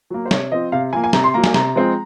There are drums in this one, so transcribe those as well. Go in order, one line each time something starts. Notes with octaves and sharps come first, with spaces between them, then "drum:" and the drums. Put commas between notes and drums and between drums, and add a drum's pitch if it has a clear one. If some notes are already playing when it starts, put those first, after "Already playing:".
F#3 A#3
C5
C3 C#5, drum: snare
F3 C4 D#5
C3 F5
F3 A#3 G#5
G#5
C3 A#5, drum: snare
C6
F#3 A#3 A#5
G#5, drum: snare
C3 A#5, drum: snare
F3 G#3 C4